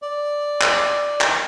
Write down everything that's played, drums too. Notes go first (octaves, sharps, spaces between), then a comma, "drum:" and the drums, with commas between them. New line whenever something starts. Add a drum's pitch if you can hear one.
D5
drum: clap
drum: clap